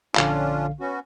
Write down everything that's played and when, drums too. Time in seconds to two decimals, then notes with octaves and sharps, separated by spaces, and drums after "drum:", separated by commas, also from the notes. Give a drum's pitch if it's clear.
0.16 A#1 D3 C#4 D4 F4 F5, drum: clap
0.80 B3 C#4 F#4